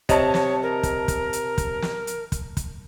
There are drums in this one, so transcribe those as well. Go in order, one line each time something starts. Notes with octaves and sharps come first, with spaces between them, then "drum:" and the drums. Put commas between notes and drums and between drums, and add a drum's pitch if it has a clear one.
C3 C#5 D#5 A5, drum: kick, hi-hat
drum: snare
A#4
drum: kick, hi-hat
drum: kick, hi-hat
drum: hi-hat
drum: kick, hi-hat
drum: snare
drum: hi-hat
drum: kick, hi-hat
drum: kick, hi-hat